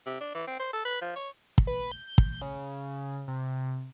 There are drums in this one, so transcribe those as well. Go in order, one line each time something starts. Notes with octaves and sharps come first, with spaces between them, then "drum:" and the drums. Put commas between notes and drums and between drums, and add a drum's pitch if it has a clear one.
C3
D4
E3
C4
C5
A4
B4
F3
C#5
drum: kick
B4
G6
drum: kick
C#3
C3